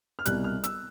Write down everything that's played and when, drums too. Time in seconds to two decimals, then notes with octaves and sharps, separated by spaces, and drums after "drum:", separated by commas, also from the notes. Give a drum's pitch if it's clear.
0.19 F6
0.25 C2 B2 G3 F#6, drum: hi-hat
0.44 F6
0.64 E6, drum: hi-hat